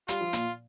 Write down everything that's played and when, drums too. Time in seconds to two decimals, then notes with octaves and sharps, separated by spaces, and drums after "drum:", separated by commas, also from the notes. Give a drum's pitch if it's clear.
0.08 G3 F4, drum: hi-hat
0.21 F3
0.33 A#2, drum: hi-hat